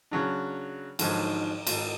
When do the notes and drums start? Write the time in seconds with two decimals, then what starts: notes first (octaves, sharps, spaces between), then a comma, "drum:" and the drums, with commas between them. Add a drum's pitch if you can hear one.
0.11 C#3 F#3 D4
0.99 G#2 D3 D#3 F3 F#3 D#4, drum: cymbal
1.67 G#1, drum: cymbal